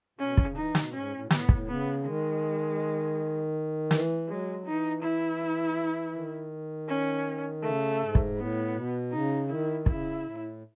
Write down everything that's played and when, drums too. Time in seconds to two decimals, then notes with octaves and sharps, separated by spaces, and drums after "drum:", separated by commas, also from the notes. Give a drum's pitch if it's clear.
0.19 B2 C#4
0.37 C#3, drum: kick
0.56 E3 D#4
0.75 B2, drum: snare
0.93 G#2 C#4
1.12 A2
1.24 B2
1.31 A2 B3, drum: snare
1.49 A2, drum: kick
1.67 C#3 B3
2.05 D#3 G#3
3.91 E3, drum: snare
4.28 F#3 G#3
4.66 E3 D#4
5.02 E4
6.14 D#3
6.88 C#4
7.63 C#3 A3
8.01 G#2
8.15 drum: kick
8.37 A2 B3
8.74 B2
9.12 C#3 D#4
9.49 D#3 E4
9.86 C#3 E4, drum: kick
10.24 A2